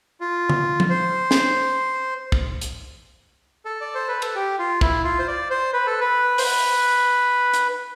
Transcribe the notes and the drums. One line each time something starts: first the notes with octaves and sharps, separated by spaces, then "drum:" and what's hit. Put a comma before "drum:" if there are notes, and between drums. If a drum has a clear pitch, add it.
F4
drum: tom D3
drum: tom
C5
drum: snare
drum: kick
drum: hi-hat
A4
D5
C5
B4
A4, drum: cymbal
G4
F4
E4, drum: kick
F4
C5
D5
C5
B4
A4
B4
C5, drum: open hi-hat
B4
drum: hi-hat